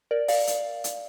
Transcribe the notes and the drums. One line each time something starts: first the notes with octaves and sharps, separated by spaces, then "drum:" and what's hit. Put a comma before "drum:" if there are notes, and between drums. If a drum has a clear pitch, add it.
A#4 D5
D5 F5, drum: open hi-hat
drum: hi-hat
drum: hi-hat